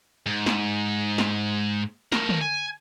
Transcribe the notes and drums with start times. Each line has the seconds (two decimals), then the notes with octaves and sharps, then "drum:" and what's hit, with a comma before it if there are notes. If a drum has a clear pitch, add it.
0.26 G#2
0.46 drum: snare
1.18 drum: snare
2.12 A3 A#4, drum: snare
2.29 drum: tom
2.41 G#5